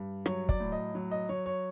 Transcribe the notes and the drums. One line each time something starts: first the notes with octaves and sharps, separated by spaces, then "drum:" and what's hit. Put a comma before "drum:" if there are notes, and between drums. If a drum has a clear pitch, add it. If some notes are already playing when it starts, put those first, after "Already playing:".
Already playing: G2
F#3 C#5, drum: rim click
D5, drum: kick
A2
D#5
F#3
D#5
F#3 C#5
C#5